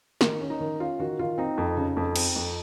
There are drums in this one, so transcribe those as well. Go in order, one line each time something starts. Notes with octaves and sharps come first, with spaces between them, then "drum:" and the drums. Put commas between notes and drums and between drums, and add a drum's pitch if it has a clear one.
D#3 A#4, drum: snare
C#4
D#4
D#3
C#4 F4
D#3 F#4
D#3 F4
C4 D#4
F2
C#3
F2
C4, drum: cymbal
F2